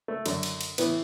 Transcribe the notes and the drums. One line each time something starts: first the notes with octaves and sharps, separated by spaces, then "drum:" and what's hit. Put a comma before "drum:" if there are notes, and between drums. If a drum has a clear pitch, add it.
A3
F#2 D3, drum: cymbal
drum: cymbal
drum: cymbal
A2 E3 B3, drum: cymbal